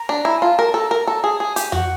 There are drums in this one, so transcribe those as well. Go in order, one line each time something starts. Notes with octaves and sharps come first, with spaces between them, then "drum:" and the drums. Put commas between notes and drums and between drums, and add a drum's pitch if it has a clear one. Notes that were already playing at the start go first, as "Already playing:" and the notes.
Already playing: A#5
D4
E4
G#5
F4 A5
A#4
A4 A#5
A#4
A4 A5
G#4
G#4 G#5
G4, drum: hi-hat
F#4 F#5, drum: tom F2